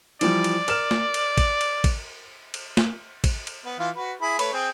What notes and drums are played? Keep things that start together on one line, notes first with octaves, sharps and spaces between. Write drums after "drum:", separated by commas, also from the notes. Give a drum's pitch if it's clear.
E3 F3 G3 D5, drum: cymbal
drum: cymbal
A#4 F6 E7, drum: cymbal
drum: snare
drum: cymbal
drum: kick A1, cymbal
drum: cymbal
drum: kick A1, cymbal
drum: cymbal
drum: snare
drum: kick A1, cymbal
drum: cymbal
B3
E3 F4 F5
F#4 B4
E4 G#4 B5
A3 B4 C#5, drum: cymbal
C4 G#4 G5